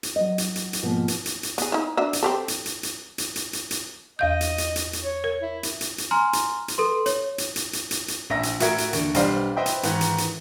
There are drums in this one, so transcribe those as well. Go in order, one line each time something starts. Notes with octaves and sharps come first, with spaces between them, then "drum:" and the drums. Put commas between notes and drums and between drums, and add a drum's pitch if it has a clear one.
drum: hi-hat
F#3 D#5
drum: hi-hat
drum: hi-hat
drum: hi-hat
G#2 B2 F3 A#3
drum: hi-hat
drum: hi-hat
drum: hi-hat
B3 G#4, drum: hi-hat
D#4 E4
D4 F#4 E5
drum: hi-hat
C4 G4 A4
drum: hi-hat
drum: hi-hat
drum: hi-hat
drum: hi-hat
drum: hi-hat
drum: hi-hat
drum: hi-hat
E2 D#5 F5 G6
drum: hi-hat
drum: hi-hat
drum: hi-hat
drum: hi-hat
C#5
A#4
E4
drum: hi-hat
drum: hi-hat
drum: hi-hat
G#5 A#5 C6 F6
drum: hi-hat
drum: hi-hat
A4 B4 C6
C#5, drum: hi-hat
drum: hi-hat
drum: hi-hat
drum: hi-hat
drum: hi-hat
drum: hi-hat
A#1 E5 A#6
drum: hi-hat
A2 F#4 A#4 E5 G#6 D7, drum: hi-hat
drum: hi-hat
D#2 D3, drum: hi-hat
B1 G3 D4 C5 D#5 F5, drum: hi-hat
B4 C5 D#5 E5 G5
drum: hi-hat
G#2 D#3 E3, drum: hi-hat
drum: hi-hat
drum: hi-hat